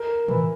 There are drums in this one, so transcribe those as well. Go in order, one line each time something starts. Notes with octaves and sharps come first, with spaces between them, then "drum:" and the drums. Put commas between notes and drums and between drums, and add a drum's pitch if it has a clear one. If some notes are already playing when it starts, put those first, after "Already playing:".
Already playing: A#4
E3, drum: tom